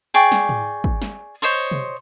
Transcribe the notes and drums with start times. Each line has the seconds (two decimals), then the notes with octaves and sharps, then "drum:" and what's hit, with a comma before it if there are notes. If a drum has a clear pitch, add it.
0.14 G#4 D5 G5 C#6
0.32 drum: snare
0.49 drum: tom
0.84 drum: kick
1.02 drum: snare
1.42 C5 C#5 D#5 C6
1.71 drum: tom